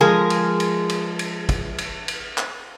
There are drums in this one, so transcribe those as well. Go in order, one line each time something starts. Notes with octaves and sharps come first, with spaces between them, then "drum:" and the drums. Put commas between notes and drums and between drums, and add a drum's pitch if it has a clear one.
F3 G#3 G#4 A#4
drum: cymbal
drum: cymbal
drum: cymbal
drum: cymbal
drum: kick, cymbal
drum: cymbal
drum: cymbal
drum: clap